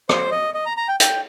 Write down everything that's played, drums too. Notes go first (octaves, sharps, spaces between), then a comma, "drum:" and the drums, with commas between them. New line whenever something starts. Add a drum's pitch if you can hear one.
C5, drum: rim click
D#5
D#5
A#5
A#5
G5
G5, drum: hi-hat